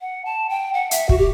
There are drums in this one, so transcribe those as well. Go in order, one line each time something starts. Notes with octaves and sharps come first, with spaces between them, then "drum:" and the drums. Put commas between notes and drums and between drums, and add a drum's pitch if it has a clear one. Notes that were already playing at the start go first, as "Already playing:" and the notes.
F#5
A5
G5
F#5
E5, drum: hi-hat
F#4, drum: kick
G4